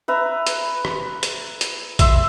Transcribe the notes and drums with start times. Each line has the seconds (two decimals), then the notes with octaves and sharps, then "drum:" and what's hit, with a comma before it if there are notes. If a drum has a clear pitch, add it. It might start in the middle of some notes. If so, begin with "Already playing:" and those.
0.08 B4 E5 A#5
0.47 drum: hi-hat
0.85 drum: rim click
1.23 drum: hi-hat
1.61 drum: hi-hat
1.99 E5 C6 E6, drum: kick A#1, hi-hat